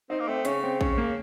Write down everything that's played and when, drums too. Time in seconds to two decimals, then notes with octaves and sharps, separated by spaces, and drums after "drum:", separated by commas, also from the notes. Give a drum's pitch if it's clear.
0.10 C4 D#4
0.20 A#3
0.28 A3 C4
0.45 C#3 C#4, drum: hi-hat
0.63 C4
0.81 C#4, drum: kick A#1
0.97 A#3